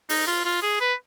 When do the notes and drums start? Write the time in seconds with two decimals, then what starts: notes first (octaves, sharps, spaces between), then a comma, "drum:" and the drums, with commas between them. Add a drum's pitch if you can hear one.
0.09 D#4, drum: open hi-hat
0.27 F4
0.45 F4
0.62 G#4
0.80 B4